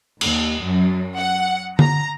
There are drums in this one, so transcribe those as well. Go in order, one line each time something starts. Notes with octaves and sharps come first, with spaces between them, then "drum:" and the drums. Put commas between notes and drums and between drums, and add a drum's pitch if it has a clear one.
D#2, drum: cymbal
F#2
F#5
A#5, drum: tom D3